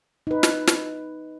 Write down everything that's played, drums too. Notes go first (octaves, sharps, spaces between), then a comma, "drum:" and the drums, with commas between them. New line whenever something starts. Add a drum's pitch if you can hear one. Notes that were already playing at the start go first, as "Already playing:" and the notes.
D#4 B4
drum: snare
drum: snare